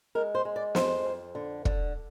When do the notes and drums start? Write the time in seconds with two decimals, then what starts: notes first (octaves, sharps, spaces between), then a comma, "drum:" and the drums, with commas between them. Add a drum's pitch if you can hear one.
0.15 G#3 A#4
0.35 C5
0.45 G#3
0.56 D5
0.75 F2 C5, drum: snare
1.06 F2
1.35 D3
1.65 D3, drum: kick